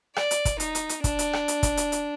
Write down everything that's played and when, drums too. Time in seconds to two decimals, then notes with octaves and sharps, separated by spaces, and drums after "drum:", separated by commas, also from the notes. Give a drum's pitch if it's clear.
0.16 D5, drum: rim click
0.31 drum: hi-hat
0.45 drum: kick, hi-hat
0.60 D#4, drum: hi-hat
0.75 drum: hi-hat
0.89 drum: hi-hat
1.04 D4, drum: kick, hi-hat
1.19 drum: hi-hat
1.33 drum: rim click
1.48 drum: hi-hat
1.63 drum: kick, hi-hat
1.77 drum: hi-hat
1.92 drum: hi-hat